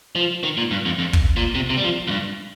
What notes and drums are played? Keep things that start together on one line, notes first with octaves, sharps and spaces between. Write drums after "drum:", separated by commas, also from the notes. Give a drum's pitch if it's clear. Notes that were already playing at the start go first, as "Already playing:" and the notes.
F3
D#3
A#2
G2
F2
F2
drum: kick
A#2
C3
C3
G3
F3
F2
G2